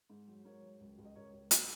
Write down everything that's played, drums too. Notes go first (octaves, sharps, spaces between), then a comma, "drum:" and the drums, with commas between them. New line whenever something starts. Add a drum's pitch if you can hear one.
G#2
F#3
G#2 A#4 C#5
F#3
C#2
C#2
D#5
C#2 A#4 C#5
C#2
G#3 D#4 F#4, drum: hi-hat